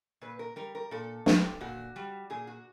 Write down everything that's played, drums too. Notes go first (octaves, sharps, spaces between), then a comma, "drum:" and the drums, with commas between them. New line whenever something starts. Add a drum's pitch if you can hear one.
A#2 B4
A#4
G3 A#4
A#4
A#2 A4
G3, drum: snare
A#2 F#4
G3
A#2 G#4
F#4